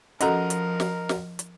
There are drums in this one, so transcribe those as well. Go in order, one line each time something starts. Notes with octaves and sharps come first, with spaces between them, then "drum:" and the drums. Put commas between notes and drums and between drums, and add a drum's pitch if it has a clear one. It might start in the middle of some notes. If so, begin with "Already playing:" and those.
F3 C#4 F#4 A4 A#4 D#5 F#5 A#5, drum: hi-hat
drum: hi-hat
drum: snare
drum: snare
drum: hi-hat